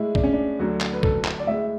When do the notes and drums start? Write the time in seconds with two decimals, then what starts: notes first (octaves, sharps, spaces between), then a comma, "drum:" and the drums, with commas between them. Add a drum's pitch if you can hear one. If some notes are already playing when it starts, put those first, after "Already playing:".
Already playing: A2 G#3 E4
0.15 D4, drum: kick C2
0.24 C#4
0.33 D4
0.59 D2 D3 F#3 F#4
0.81 drum: clap
0.93 B4
1.03 A4, drum: kick C2
1.25 drum: clap
1.39 D5
1.47 A2 G#3 E5